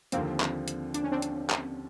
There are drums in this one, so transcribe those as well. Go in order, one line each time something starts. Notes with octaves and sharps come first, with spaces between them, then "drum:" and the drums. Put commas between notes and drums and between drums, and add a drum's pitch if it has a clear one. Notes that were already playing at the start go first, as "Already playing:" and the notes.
D#2 D3 F3 A#3 C4, drum: hi-hat
drum: clap
drum: hi-hat
D4, drum: hi-hat
C#4
C4 D4
drum: hi-hat
drum: clap